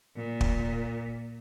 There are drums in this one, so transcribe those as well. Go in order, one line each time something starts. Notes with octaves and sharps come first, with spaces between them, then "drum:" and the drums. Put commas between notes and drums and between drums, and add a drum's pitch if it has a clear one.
A#2
drum: kick